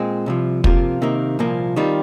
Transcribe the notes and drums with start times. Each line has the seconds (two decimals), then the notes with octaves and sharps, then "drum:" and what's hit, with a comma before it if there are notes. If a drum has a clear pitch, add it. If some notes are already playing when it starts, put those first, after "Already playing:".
Already playing: A#2 G#3 C4
0.26 C2 C3 F3
0.64 C3 F3 A#3 F4 A#4, drum: kick
1.02 C3 D#3 A#3
1.39 C2 A#2 F3 A#3
1.76 D#3 G3 C4 F4